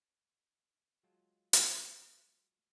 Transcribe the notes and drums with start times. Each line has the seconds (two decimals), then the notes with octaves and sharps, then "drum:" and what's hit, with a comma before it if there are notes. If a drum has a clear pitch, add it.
1.03 F#3 G#3 F4 G5 A5
1.53 drum: hi-hat